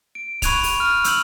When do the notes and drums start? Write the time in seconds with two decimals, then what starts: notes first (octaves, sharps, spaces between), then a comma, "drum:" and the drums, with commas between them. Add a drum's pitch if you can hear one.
0.15 D7
0.42 B5 C#6 F#6 G#6 D#7 F7, drum: kick, hi-hat
0.63 drum: open hi-hat
0.80 F6
1.04 E6 G6 F#7, drum: hi-hat